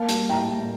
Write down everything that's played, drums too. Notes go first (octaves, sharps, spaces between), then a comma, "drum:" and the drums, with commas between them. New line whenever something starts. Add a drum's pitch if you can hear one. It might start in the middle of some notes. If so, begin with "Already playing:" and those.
Already playing: A#3 F5 A5
G3, drum: hi-hat
A2 G5 A#5
A2